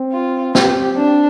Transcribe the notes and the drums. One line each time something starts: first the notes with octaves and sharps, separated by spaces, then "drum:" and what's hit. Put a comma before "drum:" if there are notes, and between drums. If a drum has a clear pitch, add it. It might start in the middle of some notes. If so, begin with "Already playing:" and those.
Already playing: C4
F4
C4 G4, drum: snare
D4